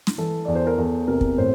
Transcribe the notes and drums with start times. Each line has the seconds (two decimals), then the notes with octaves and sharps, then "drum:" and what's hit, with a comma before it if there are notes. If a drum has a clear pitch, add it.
0.07 drum: snare
0.18 E3 A4
0.45 E2 D5
0.55 C5
0.67 A#4
0.78 E2 A4
1.08 C3 A#4
1.21 drum: kick
1.38 A2 C5